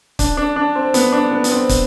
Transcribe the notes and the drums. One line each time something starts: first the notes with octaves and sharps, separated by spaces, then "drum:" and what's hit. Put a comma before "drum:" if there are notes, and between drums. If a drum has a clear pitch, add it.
D4, drum: kick, hi-hat
D4
D4
C4
B3, drum: hi-hat
D4
B3
B3, drum: hi-hat
C4
drum: kick, hi-hat